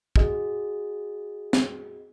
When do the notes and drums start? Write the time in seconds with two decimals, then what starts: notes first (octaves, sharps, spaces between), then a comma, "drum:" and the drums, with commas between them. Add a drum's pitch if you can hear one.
0.16 F#4 G#4 D#5, drum: kick
1.53 drum: snare